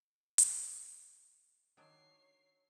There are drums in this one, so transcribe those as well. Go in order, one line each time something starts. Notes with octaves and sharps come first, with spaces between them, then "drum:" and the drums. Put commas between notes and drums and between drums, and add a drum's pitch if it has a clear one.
drum: hi-hat
D#3 F#3 D4 C#5 C7